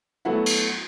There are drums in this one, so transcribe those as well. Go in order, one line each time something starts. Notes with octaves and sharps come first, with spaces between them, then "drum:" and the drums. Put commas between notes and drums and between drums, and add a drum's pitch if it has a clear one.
F#3 A3 B3 E4 F#5
drum: cymbal